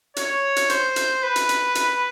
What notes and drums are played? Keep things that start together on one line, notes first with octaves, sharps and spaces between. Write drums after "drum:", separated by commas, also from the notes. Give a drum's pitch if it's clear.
C#5, drum: hi-hat
drum: hi-hat
C5, drum: hi-hat
drum: hi-hat
B4
drum: hi-hat
drum: hi-hat
drum: hi-hat